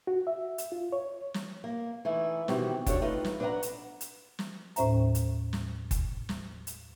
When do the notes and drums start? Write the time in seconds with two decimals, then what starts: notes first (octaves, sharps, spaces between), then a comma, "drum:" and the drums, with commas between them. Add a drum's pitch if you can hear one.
0.07 F#4
0.27 E5
0.58 drum: hi-hat
0.72 F4
0.92 C#5
1.34 drum: snare
1.64 A#3
2.05 E3 A3 D#4 E4
2.48 B2 D#3 E3 C4 F#4 G4, drum: snare
2.86 D4 F#4 G4 A4 C#5, drum: kick F#1, hi-hat
3.02 A3 D#4 F4 B4
3.24 drum: snare
3.40 D4 B4 C5 D#5 F#5 A#5
3.63 drum: hi-hat
4.01 drum: hi-hat
4.39 drum: snare
4.76 D#2 A2 C#4 C5 E5 A#5, drum: hi-hat
5.15 drum: hi-hat
5.53 drum: snare
5.91 drum: kick F#1, hi-hat
6.29 drum: snare
6.67 drum: hi-hat